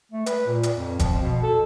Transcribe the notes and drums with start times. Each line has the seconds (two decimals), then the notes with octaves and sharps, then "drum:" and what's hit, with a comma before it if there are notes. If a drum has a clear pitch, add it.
0.12 A3
0.26 B4, drum: hi-hat
0.47 A#2
0.63 drum: hi-hat
0.76 F2
0.99 F3, drum: kick E1, hi-hat
1.22 B2
1.43 A4